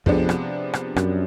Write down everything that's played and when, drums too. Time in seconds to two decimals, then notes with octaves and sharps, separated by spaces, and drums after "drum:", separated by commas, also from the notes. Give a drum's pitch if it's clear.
0.06 F2 C3 F3 G#3 B3 D4, drum: kick
0.29 drum: rim click
0.73 drum: rim click
0.96 F#2, drum: rim click